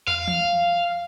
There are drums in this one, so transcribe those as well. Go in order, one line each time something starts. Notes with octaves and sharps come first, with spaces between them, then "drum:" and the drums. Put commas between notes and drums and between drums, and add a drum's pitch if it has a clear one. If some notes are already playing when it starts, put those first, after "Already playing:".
F5, drum: tom
drum: tom E3